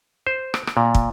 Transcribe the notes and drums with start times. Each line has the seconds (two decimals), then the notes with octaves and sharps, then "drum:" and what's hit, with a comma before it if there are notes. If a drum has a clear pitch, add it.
0.27 C5
0.54 drum: rim click
0.67 drum: rim click
0.77 A#2
0.95 drum: kick